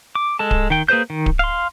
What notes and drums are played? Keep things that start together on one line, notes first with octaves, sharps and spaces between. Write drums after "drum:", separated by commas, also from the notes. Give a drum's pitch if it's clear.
D6
G#3 A4 A5
drum: kick D1
D#3 G5
A#3 G#4 B4 C5 G6
D#3
drum: kick D1
F5 C6